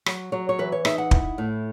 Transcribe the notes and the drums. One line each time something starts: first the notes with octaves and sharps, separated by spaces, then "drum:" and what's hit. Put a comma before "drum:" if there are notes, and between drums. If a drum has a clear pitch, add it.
F#3, drum: rim click
F#3 C#5
C#5
E3 B4
C#5
D#4 E5, drum: rim click
F#5
E4, drum: kick
A2